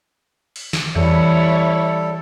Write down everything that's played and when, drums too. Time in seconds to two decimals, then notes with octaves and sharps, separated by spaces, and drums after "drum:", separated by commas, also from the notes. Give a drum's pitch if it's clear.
0.56 drum: open hi-hat
0.73 drum: snare
0.96 E3 G3 E4 A4 C#5, drum: tom E2